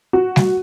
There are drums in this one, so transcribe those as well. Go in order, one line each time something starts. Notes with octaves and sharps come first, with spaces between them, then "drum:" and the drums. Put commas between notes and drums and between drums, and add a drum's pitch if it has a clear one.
F#4
drum: snare G3